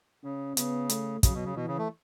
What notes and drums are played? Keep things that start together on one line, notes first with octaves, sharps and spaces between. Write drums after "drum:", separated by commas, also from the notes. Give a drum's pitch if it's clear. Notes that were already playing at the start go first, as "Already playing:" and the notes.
C#3 C#4
C#3 B3, drum: hi-hat
A3, drum: hi-hat
C#3 F#3, drum: kick, hi-hat
B2
C#3
B2 E3
C#3
A3